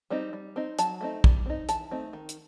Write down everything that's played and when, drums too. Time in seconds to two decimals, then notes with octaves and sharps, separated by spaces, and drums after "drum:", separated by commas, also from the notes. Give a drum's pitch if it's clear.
0.10 G3 C4 D#4
0.33 G3
0.56 C4 D#4
0.79 F#3 A5, drum: hi-hat
1.01 A3 C4 D#4
1.24 G3, drum: kick
1.46 C4 D#4
1.69 E3 A5, drum: hi-hat
1.91 A3 C4 D#4
2.13 D#3
2.29 drum: hi-hat